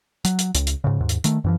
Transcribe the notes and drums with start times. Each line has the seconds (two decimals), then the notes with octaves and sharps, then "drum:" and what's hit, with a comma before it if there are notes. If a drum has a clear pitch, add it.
0.25 F#3, drum: hi-hat
0.39 drum: hi-hat
0.55 C#2, drum: hi-hat
0.67 drum: hi-hat
0.84 G#2 C#3
1.00 D#2 G#2
1.09 drum: hi-hat
1.24 D#3 A3, drum: hi-hat
1.44 F#2 E3 F3